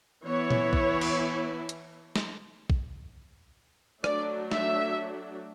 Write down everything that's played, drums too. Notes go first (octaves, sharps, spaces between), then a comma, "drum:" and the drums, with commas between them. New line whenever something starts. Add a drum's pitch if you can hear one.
E3 B3 E4 C#5
drum: tom
drum: kick
drum: cymbal
drum: hi-hat
drum: snare
drum: kick
F#3 A3 D4 D5, drum: rim click
E5, drum: snare